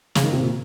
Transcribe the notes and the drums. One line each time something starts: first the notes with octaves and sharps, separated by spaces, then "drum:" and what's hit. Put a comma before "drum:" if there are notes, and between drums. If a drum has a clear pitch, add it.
C#3, drum: snare
D#3
C3
A#2